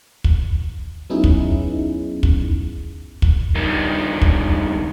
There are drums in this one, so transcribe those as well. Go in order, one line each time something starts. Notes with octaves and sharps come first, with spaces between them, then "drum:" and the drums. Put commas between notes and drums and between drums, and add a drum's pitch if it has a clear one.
drum: kick
F#3 B3 C#4 D#4 E4 G#4
drum: kick
drum: kick
drum: kick
G2 D#3
drum: kick